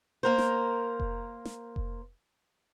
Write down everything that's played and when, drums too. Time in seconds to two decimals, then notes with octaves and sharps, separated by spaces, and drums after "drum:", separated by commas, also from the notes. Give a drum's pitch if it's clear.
0.23 A#3 A#4 C5
0.38 drum: snare
1.00 drum: kick F1
1.45 drum: snare
1.76 drum: kick F1